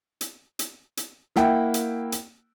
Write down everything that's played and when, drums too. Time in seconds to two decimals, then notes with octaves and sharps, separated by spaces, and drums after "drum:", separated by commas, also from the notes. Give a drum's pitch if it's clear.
0.21 drum: hi-hat
0.59 drum: hi-hat
0.97 drum: hi-hat
1.36 A#3 E4 F#5 G5, drum: snare
1.74 drum: hi-hat
2.12 drum: hi-hat